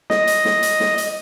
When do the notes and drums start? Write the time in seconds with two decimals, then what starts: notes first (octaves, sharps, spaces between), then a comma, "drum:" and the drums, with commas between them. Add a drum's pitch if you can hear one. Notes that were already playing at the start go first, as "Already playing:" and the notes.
0.10 D#5, drum: snare
0.27 drum: hi-hat
0.45 drum: snare
0.63 drum: hi-hat
0.80 drum: snare
0.98 drum: hi-hat